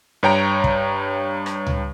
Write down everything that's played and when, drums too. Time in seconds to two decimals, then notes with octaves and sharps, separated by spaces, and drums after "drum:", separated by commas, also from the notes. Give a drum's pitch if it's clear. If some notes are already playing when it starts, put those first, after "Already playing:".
0.23 G2 C#5 G5 A#5 D7
0.64 drum: kick
1.46 drum: rim click
1.67 drum: tom C#2